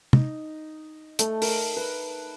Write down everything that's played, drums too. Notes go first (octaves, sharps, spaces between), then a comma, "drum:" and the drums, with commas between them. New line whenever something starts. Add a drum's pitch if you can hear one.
D#4, drum: tom
A3, drum: hi-hat
A#4, drum: open hi-hat
B4